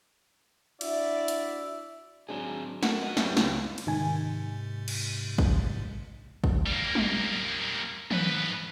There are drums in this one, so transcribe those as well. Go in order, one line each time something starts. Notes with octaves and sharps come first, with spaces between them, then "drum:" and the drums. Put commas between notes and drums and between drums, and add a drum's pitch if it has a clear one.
D4 E4 F#4 D5 E5, drum: cymbal
drum: hi-hat
F#3 G#3 C4 D4 G#4
A3 F#4 A#4 F#5, drum: snare
B3 D#5
F#2 G3 E4 B4 C#5, drum: snare
C#2, drum: snare
drum: cymbal
G#2 C3 D#3 G#3 G#5
drum: cymbal
drum: kick
drum: kick
G3 A#3
drum: tom
G#2 B4, drum: tom